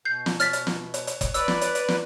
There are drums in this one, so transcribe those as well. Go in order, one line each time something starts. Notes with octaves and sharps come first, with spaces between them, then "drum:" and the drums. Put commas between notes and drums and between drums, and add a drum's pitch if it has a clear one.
B2 G6 C7
drum: snare
F6 A6 B6, drum: hi-hat
drum: hi-hat
drum: snare
drum: hi-hat
drum: hi-hat
drum: kick F#1, hi-hat
B4 D5 E6, drum: hi-hat
drum: snare
drum: hi-hat
drum: hi-hat
drum: snare